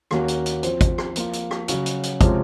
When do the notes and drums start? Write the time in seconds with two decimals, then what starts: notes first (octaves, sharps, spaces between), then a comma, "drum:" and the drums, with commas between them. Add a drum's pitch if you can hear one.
0.11 D#2 D#3 A#3 C#4 F#4, drum: rim click
0.28 drum: hi-hat
0.46 drum: hi-hat
0.63 F3 C4 F4 C5, drum: hi-hat
0.81 drum: kick, hi-hat
0.98 drum: rim click
1.16 F3 A#3 F4, drum: hi-hat
1.33 drum: hi-hat
1.51 drum: rim click
1.68 C#3 F#3 C#4 F#4, drum: hi-hat
1.86 drum: hi-hat
2.03 drum: hi-hat
2.21 C3 F3 G#3 C#4, drum: kick, hi-hat